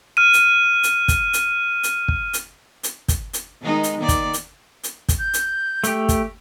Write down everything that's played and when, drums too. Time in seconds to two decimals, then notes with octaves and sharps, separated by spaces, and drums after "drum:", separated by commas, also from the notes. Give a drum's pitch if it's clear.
0.17 F6 D#7
0.33 drum: hi-hat
0.83 drum: hi-hat
1.08 drum: kick, hi-hat
1.33 drum: hi-hat
1.83 drum: hi-hat
2.08 drum: kick
2.33 drum: hi-hat
2.83 drum: hi-hat
3.08 drum: kick, hi-hat
3.33 drum: hi-hat
3.62 D#3 G#3 D#4
3.83 drum: hi-hat
3.99 D#3 A#3 D5
4.08 drum: kick, hi-hat
4.33 drum: hi-hat
4.84 drum: hi-hat
5.09 drum: kick, hi-hat
5.19 G6
5.34 drum: hi-hat
5.84 A3 G4, drum: hi-hat
6.09 drum: kick, hi-hat